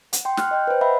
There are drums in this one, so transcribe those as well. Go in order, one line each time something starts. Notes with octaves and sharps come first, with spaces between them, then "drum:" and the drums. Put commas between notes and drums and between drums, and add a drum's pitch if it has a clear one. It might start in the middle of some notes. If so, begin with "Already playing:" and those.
F#5, drum: hi-hat
G5 C6
F6 F#6, drum: snare
D#5 G5 G6
B4 C5
D#5 E5 F#5 B5